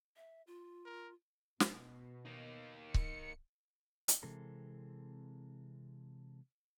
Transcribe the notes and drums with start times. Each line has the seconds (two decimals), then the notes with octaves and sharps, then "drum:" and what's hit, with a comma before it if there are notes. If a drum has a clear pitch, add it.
0.16 E5
0.47 F4
0.86 A#4
1.60 B2, drum: snare
2.25 A#3 D#4
2.94 C#7, drum: kick C#1
4.08 drum: hi-hat
4.23 C3 E3 G#3 C4 A4 A#4